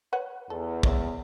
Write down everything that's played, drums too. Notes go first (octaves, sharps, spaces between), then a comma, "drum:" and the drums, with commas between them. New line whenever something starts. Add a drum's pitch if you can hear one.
B4 C#5 F#5
E2 A4
C#5 D#5 E5, drum: kick